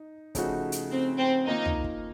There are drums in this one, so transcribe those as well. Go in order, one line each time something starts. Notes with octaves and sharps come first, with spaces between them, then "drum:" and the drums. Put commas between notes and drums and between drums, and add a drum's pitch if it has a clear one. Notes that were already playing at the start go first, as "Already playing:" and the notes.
Already playing: D#4
C#3 F3 A3 D#4 F#4, drum: kick, hi-hat
drum: hi-hat
C4
C4
D#3 A#3 D#4 F4
drum: tom
drum: kick